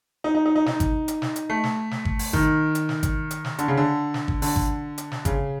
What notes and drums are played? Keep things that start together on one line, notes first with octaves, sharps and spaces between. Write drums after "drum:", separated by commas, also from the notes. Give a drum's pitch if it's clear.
D#4
D#4
D#4
D#4
D#4, drum: snare
drum: kick G#1, hi-hat
drum: hi-hat
drum: snare
drum: hi-hat
A3
drum: snare
drum: snare
drum: kick G#1
drum: open hi-hat
D#3, drum: kick G#1
drum: hi-hat
drum: snare
drum: kick G#1, hi-hat
drum: hi-hat
drum: snare
D3, drum: hi-hat
C#3
D3
drum: snare
drum: kick G#1
D3, drum: open hi-hat
drum: kick G#1
drum: hi-hat
drum: snare
C#3, drum: kick G#1, hi-hat